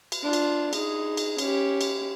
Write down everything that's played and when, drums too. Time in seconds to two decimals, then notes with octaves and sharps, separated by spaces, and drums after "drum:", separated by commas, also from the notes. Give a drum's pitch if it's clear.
0.12 drum: cymbal
0.22 D4 F4
0.33 drum: cymbal
0.73 D#4 G#4, drum: cymbal
1.17 drum: cymbal
1.38 C#4 G4, drum: cymbal
1.81 drum: cymbal